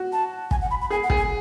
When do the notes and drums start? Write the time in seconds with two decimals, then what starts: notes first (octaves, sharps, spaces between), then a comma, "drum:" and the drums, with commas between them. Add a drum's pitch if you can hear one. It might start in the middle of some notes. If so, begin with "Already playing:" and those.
Already playing: F#4
0.13 A5
0.51 G#5, drum: kick
0.61 F#5
0.71 B5
0.81 B5
0.90 G#4 G#5
1.04 F#5
1.10 G#4, drum: kick
1.17 G#5